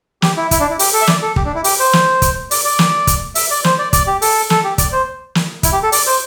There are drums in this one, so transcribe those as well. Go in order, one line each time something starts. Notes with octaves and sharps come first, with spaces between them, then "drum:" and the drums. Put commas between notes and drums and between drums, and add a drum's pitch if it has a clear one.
G4, drum: snare
E4
E4, drum: kick, hi-hat
D4
E4
G4, drum: open hi-hat
A4
E5
D5, drum: snare
A4
G4, drum: kick
D4
E4
G4, drum: open hi-hat
C5
drum: snare
drum: kick, hi-hat
D5, drum: open hi-hat
D5
drum: snare
drum: kick, hi-hat
E5, drum: open hi-hat
D5
C5, drum: snare
D5
D5, drum: kick, hi-hat
G4
A4, drum: open hi-hat
A4, drum: snare
G4
D5, drum: kick, hi-hat
C5
drum: snare
E4, drum: kick, hi-hat
G4
A4
D5, drum: open hi-hat
C5